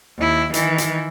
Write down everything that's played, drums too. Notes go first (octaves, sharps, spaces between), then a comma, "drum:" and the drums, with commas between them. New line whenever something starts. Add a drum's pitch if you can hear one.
D#2 E4
D#3 E3, drum: hi-hat
drum: hi-hat